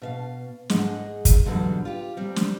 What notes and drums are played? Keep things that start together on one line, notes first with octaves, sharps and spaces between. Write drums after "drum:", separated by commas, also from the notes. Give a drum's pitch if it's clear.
B2 E5 F5
G#2 G#4 D#5 F#5, drum: snare
drum: kick, hi-hat
G#2 B2 D3 E3 F#3 G3
F4 G4
G3 C4
drum: snare